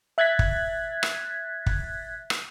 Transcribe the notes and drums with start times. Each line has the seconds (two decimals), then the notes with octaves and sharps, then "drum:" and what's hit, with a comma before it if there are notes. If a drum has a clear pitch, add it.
0.18 E5 F#6 G#6 A6 B6
0.39 drum: kick
1.03 drum: rim click
1.66 drum: kick
2.30 drum: rim click